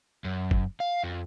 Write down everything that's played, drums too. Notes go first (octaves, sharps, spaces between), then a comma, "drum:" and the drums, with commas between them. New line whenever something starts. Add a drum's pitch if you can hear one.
F#2
drum: kick
F5
F2